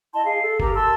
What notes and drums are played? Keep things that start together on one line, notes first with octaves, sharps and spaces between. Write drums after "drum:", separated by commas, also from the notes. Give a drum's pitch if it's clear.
E4 D#5 A5 C6
G#4 F5
A4
G4 A#4 A#5, drum: kick
A5 C6 E6